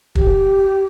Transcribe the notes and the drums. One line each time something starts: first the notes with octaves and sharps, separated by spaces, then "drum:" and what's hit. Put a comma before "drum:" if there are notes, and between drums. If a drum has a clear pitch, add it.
G4, drum: kick